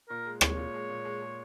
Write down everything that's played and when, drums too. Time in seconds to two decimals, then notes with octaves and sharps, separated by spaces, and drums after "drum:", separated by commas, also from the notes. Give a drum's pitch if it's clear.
0.09 A#2 A#4
0.25 G#3
0.41 G#3 C#5, drum: rim click
0.57 A#2
0.74 G#3
0.90 A#2
1.05 G#3
1.22 G#3